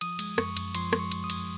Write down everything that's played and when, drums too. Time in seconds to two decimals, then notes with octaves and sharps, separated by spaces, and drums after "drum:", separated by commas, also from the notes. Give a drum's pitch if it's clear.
0.01 F3 D#6, drum: cymbal
0.19 G#3, drum: cymbal
0.38 F#2 C#6, drum: rim click
0.57 F#2, drum: cymbal
0.75 F3 C6, drum: cymbal
0.93 G#3, drum: rim click
0.99 C#6
1.11 F#2, drum: cymbal
1.24 D#6
1.30 F#2, drum: cymbal